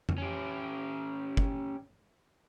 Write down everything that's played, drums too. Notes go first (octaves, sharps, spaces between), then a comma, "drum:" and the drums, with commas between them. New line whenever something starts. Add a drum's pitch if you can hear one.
drum: tom F2
C#4 G4
drum: kick